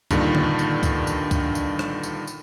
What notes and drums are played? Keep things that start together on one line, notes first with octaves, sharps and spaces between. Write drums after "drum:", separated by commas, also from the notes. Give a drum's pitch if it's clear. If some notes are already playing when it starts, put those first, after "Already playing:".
G2 A#2 D3 D#3, drum: kick C2, tambourine
drum: tom D3
drum: tambourine
drum: kick C2, tambourine
drum: tambourine
drum: kick C2, tambourine
drum: tambourine
drum: rim click
drum: tambourine
drum: tambourine